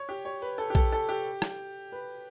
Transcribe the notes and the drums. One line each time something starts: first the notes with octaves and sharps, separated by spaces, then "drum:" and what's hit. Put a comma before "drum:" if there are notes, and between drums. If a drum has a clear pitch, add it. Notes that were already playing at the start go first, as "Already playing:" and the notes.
Already playing: C#5
G4
C#5
B4
A4
G4
A4, drum: kick A#1
A4
G4
drum: rim click
B4